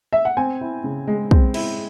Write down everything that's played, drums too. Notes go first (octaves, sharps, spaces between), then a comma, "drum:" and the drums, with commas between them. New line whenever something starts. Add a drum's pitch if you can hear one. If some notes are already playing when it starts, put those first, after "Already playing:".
E5
F#5
C4 G#5
E4
C#3
G#3
C4, drum: kick
E4, drum: cymbal